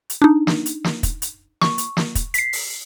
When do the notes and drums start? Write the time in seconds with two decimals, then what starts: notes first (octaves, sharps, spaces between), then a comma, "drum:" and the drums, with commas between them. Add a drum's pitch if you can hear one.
0.10 drum: hi-hat
0.22 D4 D#4
0.47 drum: snare
0.66 drum: hi-hat
0.84 drum: snare
1.03 drum: kick, hi-hat
1.22 drum: hi-hat
1.61 C#6, drum: snare
1.78 drum: hi-hat
1.97 drum: snare
2.15 drum: kick, hi-hat
2.34 B6 C7, drum: hi-hat
2.53 drum: open hi-hat